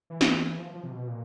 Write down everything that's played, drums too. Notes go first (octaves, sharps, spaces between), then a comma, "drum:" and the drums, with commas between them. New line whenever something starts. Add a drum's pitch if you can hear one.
E3
drum: snare
F3
F3
C3
B2
A#2